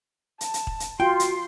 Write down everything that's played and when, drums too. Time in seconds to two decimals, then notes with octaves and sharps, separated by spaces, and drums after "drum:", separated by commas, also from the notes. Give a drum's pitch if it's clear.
0.41 A5, drum: hi-hat
0.54 drum: hi-hat
0.67 drum: kick
0.80 drum: hi-hat
1.00 F4 F#4 G5 C6
1.20 drum: hi-hat